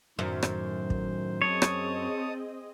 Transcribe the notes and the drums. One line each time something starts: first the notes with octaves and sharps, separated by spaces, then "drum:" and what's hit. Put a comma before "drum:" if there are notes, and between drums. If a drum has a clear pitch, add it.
F#2 A2 D#3 C5
drum: rim click
drum: kick
C4 G#4 C#5 D#5 A5 D#6
drum: rim click